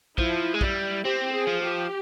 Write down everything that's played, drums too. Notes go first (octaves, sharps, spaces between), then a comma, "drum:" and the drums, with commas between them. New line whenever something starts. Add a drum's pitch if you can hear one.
F3 E4, drum: kick
G#3
G3 E4, drum: kick
C4 G4
G#4
F3
G4